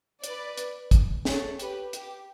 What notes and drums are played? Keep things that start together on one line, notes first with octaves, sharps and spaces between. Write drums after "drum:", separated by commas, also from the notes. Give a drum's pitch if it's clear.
B4 D5, drum: hi-hat
drum: hi-hat
drum: kick, hi-hat
A4 C#5, drum: snare
G4 B4, drum: hi-hat
G4, drum: hi-hat